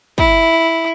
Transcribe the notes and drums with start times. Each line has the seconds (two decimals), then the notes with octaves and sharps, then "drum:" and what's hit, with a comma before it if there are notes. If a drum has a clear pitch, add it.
0.18 E4, drum: kick